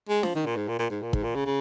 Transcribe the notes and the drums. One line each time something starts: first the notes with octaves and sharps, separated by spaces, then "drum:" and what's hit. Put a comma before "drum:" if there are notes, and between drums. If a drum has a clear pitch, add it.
G#3
F3, drum: snare
D#3
A#2
G#2
A#2
A#2
G#2
A#2
G#2, drum: kick
A#2
C#3
C#3